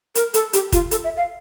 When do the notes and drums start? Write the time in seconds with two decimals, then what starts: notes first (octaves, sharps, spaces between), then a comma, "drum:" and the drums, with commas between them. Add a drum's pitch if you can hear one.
0.15 A#4, drum: hi-hat
0.34 A4, drum: hi-hat
0.53 G4, drum: hi-hat
0.72 F4, drum: kick, hi-hat
0.91 A4, drum: hi-hat
1.04 E5
1.17 F5